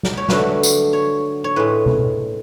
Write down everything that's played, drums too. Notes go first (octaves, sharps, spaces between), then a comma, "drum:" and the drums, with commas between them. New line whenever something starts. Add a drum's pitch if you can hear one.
drum: snare
C#5
D3 F#3 A3 B4, drum: snare
drum: tambourine
C#5
C#5
A2 G#3 B4
drum: tom B2